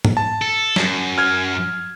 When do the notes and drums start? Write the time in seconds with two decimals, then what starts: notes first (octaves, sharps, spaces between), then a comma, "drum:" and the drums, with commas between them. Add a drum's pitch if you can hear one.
0.05 drum: tom G#2
0.17 A5
0.42 A4
0.76 F#2, drum: snare
1.18 F6 G#6